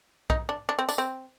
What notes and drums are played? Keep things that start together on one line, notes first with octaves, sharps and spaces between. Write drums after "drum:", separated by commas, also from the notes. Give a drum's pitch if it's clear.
D#4, drum: kick
D4
D4
C4
D4, drum: tambourine
C4